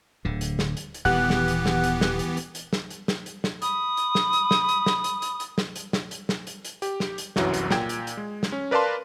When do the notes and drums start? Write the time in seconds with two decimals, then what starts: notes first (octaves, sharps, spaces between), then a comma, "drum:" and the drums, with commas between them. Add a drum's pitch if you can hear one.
0.25 D1 D3
0.41 drum: hi-hat
0.59 drum: snare
0.77 drum: hi-hat
0.94 drum: hi-hat
1.05 D#1 E3 B3 G4 F#5 F#6
1.30 drum: snare
1.48 drum: hi-hat
1.66 drum: snare
1.84 drum: hi-hat
2.01 drum: snare
2.19 drum: hi-hat
2.37 drum: hi-hat
2.55 drum: hi-hat
2.73 drum: snare
2.90 drum: hi-hat
3.08 drum: snare
3.26 drum: hi-hat
3.44 drum: snare
3.62 B5 D#6, drum: hi-hat
3.97 drum: hi-hat
4.15 drum: snare
4.33 drum: hi-hat
4.51 drum: snare
4.69 drum: hi-hat
4.86 drum: snare
5.04 drum: hi-hat
5.22 drum: hi-hat
5.40 drum: hi-hat
5.58 drum: snare
5.76 drum: hi-hat
5.93 drum: snare
6.11 drum: hi-hat
6.29 drum: snare
6.47 drum: hi-hat
6.65 drum: hi-hat
6.82 G4, drum: hi-hat
7.00 drum: snare
7.18 drum: hi-hat
7.36 G1 C2 F#2 E3 F#3, drum: snare
7.54 drum: hi-hat
7.70 A#2 G5 G#6, drum: snare
7.89 drum: hi-hat
8.07 drum: hi-hat
8.17 G#3
8.43 drum: snare
8.52 C#4
8.71 A#4 B4 D5 F5 A5 C6